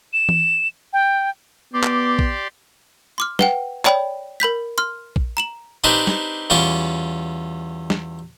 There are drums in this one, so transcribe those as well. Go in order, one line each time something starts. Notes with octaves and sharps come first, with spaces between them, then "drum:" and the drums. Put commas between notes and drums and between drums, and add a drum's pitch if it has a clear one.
E7
drum: tom E3
G5
B3 G4 D5 C6 D6
drum: clap
drum: kick
C6 D6 F6
B4 F#5 G5, drum: snare
C#5 D5 G5 B5, drum: clap
A#4 B5 G6 B6
C6 F6
drum: kick
A#5 E7 F#7
C4 D4 D#4 G4 B4 C5
drum: snare
E2 G3 C#4 F4 C#6 D6
drum: snare